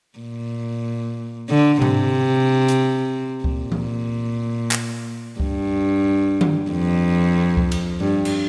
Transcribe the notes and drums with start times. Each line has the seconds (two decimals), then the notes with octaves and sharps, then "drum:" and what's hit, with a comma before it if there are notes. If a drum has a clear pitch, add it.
0.19 A#2
1.49 D3
1.82 C3, drum: tom G#2
2.68 drum: hi-hat
3.44 A#2, drum: kick C#2
3.72 drum: tom E3
4.71 drum: clap
5.40 G2, drum: kick C#2
6.41 drum: tom D#3
6.70 F2
7.57 drum: kick C#2
7.72 drum: cymbal
8.00 G2
8.25 drum: cymbal